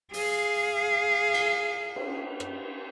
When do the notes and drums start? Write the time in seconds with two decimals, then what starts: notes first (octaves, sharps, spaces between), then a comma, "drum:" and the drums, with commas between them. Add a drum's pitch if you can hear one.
0.13 G#4 F5, drum: open hi-hat
1.34 drum: cymbal
1.96 drum: cymbal
2.40 drum: rim click